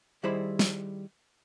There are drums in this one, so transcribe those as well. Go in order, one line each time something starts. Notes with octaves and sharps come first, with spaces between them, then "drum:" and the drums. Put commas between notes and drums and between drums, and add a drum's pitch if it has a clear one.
D#3 G3 E4 G#4 C5 B5
drum: snare